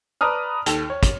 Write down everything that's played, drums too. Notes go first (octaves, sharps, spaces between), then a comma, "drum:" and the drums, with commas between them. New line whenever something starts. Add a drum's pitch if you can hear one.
B4 D5 A5 A#5 D#6 F6
D#2 A4, drum: hi-hat
C#5
drum: kick, hi-hat